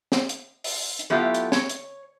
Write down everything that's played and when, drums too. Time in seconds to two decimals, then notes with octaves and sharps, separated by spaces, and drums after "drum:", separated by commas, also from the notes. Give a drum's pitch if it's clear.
0.12 drum: snare
0.29 drum: hi-hat
0.64 drum: open hi-hat
0.99 drum: hi-hat
1.10 F#3 A3 B3 E4 F4 G4
1.34 drum: hi-hat
1.52 C#5, drum: snare
1.69 drum: hi-hat